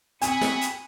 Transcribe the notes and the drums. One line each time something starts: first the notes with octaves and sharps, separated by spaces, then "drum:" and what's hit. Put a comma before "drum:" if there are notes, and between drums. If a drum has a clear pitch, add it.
C4 G#5 B5 C#6 D#6, drum: hi-hat
drum: snare
drum: hi-hat